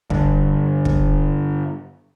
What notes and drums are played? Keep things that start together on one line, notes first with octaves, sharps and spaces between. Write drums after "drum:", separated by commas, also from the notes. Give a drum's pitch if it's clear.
G2 D3, drum: kick
drum: kick